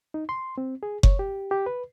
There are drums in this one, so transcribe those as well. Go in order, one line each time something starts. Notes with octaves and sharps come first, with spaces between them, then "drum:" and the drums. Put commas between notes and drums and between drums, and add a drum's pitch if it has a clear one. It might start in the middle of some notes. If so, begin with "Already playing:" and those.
D#4
C6
C4
G#4
C#5, drum: kick F#1
G4
G4
B4